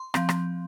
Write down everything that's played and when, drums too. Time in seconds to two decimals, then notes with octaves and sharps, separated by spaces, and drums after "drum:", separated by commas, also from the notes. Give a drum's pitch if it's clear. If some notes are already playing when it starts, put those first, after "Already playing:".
Already playing: C6
0.14 F3 C4, drum: rim click
0.29 drum: rim click